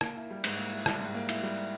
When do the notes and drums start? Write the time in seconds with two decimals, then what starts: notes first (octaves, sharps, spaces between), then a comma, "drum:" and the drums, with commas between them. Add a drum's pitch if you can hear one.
0.01 A#3, drum: rim click
0.16 E4
0.30 G3
0.44 G#2, drum: cymbal
0.58 A#3
0.72 E4
0.86 G3, drum: rim click
1.01 G#2
1.14 A#3
1.29 E4, drum: cymbal
1.43 G3